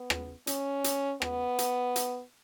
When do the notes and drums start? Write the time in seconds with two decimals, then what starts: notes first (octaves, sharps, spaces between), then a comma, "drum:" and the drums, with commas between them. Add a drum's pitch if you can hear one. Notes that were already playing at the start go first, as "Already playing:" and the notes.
Already playing: B3
0.10 drum: rim click
0.47 C#4, drum: hi-hat
0.84 drum: hi-hat
1.22 B3, drum: rim click
1.59 drum: hi-hat
1.96 drum: hi-hat